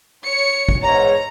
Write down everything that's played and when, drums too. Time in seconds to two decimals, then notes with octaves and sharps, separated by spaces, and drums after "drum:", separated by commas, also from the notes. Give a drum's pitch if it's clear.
0.24 C#5 C#7
0.69 drum: kick
0.82 E2 G#2 C#5 A#5